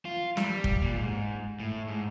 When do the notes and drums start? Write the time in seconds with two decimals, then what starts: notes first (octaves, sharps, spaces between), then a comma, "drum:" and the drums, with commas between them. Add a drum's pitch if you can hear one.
0.05 F4
0.37 G3, drum: snare
0.64 drum: kick
0.82 A#2
0.96 G#2
1.60 A2
1.88 G#2